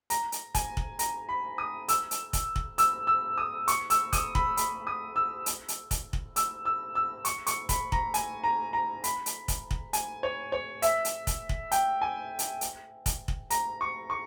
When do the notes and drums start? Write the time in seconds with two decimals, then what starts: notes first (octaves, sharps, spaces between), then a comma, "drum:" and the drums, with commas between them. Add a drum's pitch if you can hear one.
0.10 A#5, drum: hi-hat
0.32 drum: hi-hat
0.55 G#5, drum: kick, hi-hat
0.77 drum: kick
0.99 A#5, drum: hi-hat
1.29 B5
1.58 D#6
1.88 E6, drum: hi-hat
2.11 drum: hi-hat
2.33 drum: kick, hi-hat
2.56 drum: kick
2.78 E6, drum: hi-hat
3.07 E6
3.38 D#6
3.68 C#6, drum: hi-hat
3.90 E6, drum: hi-hat
4.13 D#6, drum: kick, hi-hat
4.35 B5, drum: kick
4.57 B5, drum: hi-hat
4.87 D#6
5.16 E6
5.46 drum: hi-hat
5.68 drum: hi-hat
5.91 drum: kick, hi-hat
6.13 drum: kick
6.36 E6, drum: hi-hat
6.65 E6
6.95 E6
7.25 C#6, drum: hi-hat
7.47 C#6, drum: hi-hat
7.69 B5, drum: kick, hi-hat
7.92 A#5, drum: kick
8.14 G#5, drum: hi-hat
8.44 A#5
8.73 A#5
9.04 B5, drum: hi-hat
9.26 drum: hi-hat
9.48 drum: kick, hi-hat
9.71 drum: kick
9.93 G#5, drum: hi-hat
10.23 C#5
10.52 C#5
10.82 E5, drum: hi-hat
11.05 drum: hi-hat
11.27 drum: kick, hi-hat
11.49 drum: kick
11.72 G5, drum: hi-hat
12.02 G#5
12.39 drum: hi-hat
12.61 drum: hi-hat
13.06 drum: kick, hi-hat
13.28 drum: kick
13.50 A#5, drum: hi-hat
13.81 C#6
14.10 C#6